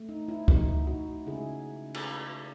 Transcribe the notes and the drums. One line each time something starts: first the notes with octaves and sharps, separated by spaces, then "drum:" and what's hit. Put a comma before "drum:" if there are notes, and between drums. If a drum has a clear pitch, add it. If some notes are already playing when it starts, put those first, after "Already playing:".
Already playing: A3
D#4
E4
D#4 F#4, drum: kick C#2
D#4 F#4
C#3 G#3 C#4 E4 G#4
drum: cymbal